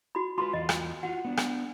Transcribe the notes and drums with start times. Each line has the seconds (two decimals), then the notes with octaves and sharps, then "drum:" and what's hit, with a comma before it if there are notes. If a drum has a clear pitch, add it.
0.15 F#4 B5
0.38 F4 A#4 B4 B5 C6
0.53 E2 F4 D#5
0.69 drum: rim click
1.03 F4 F#4 F#5
1.25 B3 D4
1.37 drum: rim click